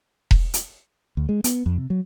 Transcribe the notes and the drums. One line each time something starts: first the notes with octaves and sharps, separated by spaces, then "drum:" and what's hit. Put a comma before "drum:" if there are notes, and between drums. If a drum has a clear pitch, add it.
drum: kick E1
drum: hi-hat
D2
G#3
B3, drum: hi-hat
F2
C3
F#3